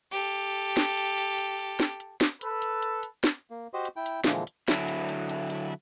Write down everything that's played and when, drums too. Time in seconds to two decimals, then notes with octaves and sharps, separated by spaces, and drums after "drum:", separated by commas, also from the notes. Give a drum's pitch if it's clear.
0.11 G4 A4
0.77 drum: snare
0.97 drum: hi-hat
1.18 drum: hi-hat
1.38 drum: hi-hat
1.59 drum: hi-hat
1.80 drum: snare
2.00 drum: hi-hat
2.21 drum: snare
2.41 A4 B4, drum: hi-hat
2.62 drum: hi-hat
2.82 drum: hi-hat
3.03 drum: hi-hat
3.24 drum: snare
3.50 A#3
3.74 F#4 G4 C5 D#5
3.85 drum: hi-hat
3.96 E4 G5
4.06 drum: hi-hat
4.24 A#2 D3 E3 F3 G#3, drum: snare
4.47 drum: hi-hat
4.68 D3 F#3 E4, drum: snare
4.88 drum: hi-hat
5.09 drum: hi-hat
5.29 drum: hi-hat
5.50 drum: hi-hat